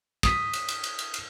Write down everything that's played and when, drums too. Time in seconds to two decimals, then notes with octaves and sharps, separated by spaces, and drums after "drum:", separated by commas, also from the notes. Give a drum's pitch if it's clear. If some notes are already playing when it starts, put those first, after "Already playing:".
0.23 D#6 B6, drum: kick, cymbal
0.53 drum: cymbal
0.69 drum: cymbal
0.84 drum: cymbal
0.99 drum: cymbal
1.14 drum: cymbal